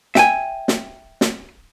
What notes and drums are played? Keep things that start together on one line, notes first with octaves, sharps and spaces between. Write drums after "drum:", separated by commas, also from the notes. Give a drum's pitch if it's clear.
E5 G5 G#5, drum: snare
drum: snare
drum: snare